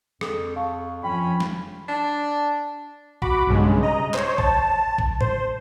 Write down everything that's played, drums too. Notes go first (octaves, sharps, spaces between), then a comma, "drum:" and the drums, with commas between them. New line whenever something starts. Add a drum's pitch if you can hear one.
F2 G#4 A4 D#6, drum: rim click
F5 A5 C#6
F2 C#4 F4 G5 B5
drum: snare
D4
F#4 B5 D6, drum: kick
B1 G2 C#3 G#3
D#5 A#5
C5 C#5, drum: clap
A5, drum: kick
drum: kick
C5, drum: tom A2